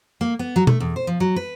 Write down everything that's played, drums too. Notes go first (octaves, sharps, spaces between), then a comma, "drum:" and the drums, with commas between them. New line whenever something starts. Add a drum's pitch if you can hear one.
A#3
B3
F#3
A3, drum: tom B2
E2
C5
F3
F#3
B4